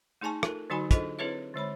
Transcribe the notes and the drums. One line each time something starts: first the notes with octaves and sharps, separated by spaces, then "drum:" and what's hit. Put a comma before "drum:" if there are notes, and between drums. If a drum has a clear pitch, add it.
A3 D#4 G#4 G#5 A5 C#6
F4 A4 A#4, drum: rim click
D3 F#3 D#4 F#4 G#5 B5
D4 F4 G#4 A4 C5 D#5, drum: kick, hi-hat
C4 E4 G#4 B4 C#5 E5
D3 G#3 C#5 B5